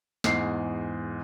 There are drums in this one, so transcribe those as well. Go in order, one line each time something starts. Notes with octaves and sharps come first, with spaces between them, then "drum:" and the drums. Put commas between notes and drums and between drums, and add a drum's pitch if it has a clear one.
E2 G#2 C7, drum: snare